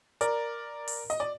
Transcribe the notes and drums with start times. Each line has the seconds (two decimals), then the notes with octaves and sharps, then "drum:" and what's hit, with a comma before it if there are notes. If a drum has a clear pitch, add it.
0.21 A#4 D5, drum: hi-hat
0.88 drum: open hi-hat
1.10 D#5, drum: hi-hat
1.20 D5